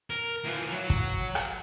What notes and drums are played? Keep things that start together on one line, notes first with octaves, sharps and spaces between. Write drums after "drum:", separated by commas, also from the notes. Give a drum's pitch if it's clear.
A#4
E3 F3
F#3
drum: kick
drum: rim click